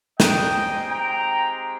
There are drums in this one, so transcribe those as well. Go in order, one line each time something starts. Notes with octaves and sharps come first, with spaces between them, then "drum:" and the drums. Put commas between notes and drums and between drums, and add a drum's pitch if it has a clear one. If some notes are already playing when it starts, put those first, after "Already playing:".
G#3 C4 D#4 G4 D#5 G5, drum: snare
G5 A#5